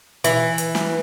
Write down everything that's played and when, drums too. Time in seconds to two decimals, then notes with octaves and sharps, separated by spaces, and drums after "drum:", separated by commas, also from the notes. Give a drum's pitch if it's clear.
0.24 E3, drum: hi-hat
0.58 drum: hi-hat
0.75 drum: snare